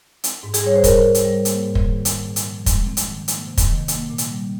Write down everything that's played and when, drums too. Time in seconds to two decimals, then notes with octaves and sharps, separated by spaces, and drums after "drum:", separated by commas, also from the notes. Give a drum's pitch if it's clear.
0.24 C4, drum: hi-hat
0.43 G#2
0.54 G#4, drum: hi-hat
0.64 G3 C#5
0.76 C5
0.84 C4 A#4, drum: kick, hi-hat
1.04 G#2
1.15 drum: hi-hat
1.24 G3
1.45 A#3, drum: hi-hat
1.65 G#2
1.75 drum: kick
1.85 D#3
2.05 C4, drum: hi-hat
2.26 A#2
2.36 drum: hi-hat
2.47 F3
2.66 G#3, drum: kick, hi-hat
2.86 C4
2.97 drum: hi-hat
3.07 D#3
3.28 A#3, drum: hi-hat
3.47 C3
3.57 drum: kick, hi-hat
3.68 D#3
3.88 A#3, drum: hi-hat
4.08 A#2
4.18 drum: hi-hat
4.29 G3